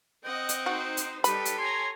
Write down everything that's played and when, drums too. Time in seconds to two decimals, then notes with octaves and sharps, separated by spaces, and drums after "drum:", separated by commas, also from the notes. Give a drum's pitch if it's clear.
0.25 C4 D#5 F#5 G5
0.49 drum: hi-hat
0.66 D#4 F#4 C5
0.97 drum: hi-hat
1.24 G3 D#4 G4 A4 B4 B5, drum: hi-hat
1.45 drum: hi-hat
1.58 C#5 G#5 A#5 C6